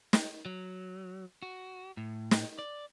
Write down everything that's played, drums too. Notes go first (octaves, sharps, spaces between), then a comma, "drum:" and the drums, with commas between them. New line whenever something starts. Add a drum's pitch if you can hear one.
drum: snare
F#3
F#4
A2
drum: snare
D5